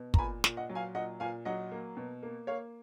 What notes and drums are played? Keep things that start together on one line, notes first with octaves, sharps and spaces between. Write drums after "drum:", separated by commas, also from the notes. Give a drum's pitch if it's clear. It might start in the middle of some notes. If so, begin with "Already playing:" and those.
Already playing: B2
A#5, drum: kick
A#2 G#5 B5
A#2, drum: snare
D#5 F#5
F#3
F5 G#5
A#2 D#5 F#5
A#2 F5 G#5
F#3 D#5 F#5
A#3
B2
A#3
A#3 C#5 F5